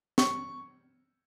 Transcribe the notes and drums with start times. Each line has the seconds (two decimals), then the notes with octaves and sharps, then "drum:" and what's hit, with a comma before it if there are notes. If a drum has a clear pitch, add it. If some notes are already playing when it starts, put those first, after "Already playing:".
0.18 C#6, drum: snare